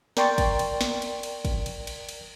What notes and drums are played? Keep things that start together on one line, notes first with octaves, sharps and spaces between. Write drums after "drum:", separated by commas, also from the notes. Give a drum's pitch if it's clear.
A#4 D5 G5 C6 C#6 A6, drum: snare
drum: kick, cymbal
drum: cymbal
drum: snare
drum: cymbal
drum: cymbal
drum: kick, cymbal
drum: cymbal
drum: cymbal
drum: cymbal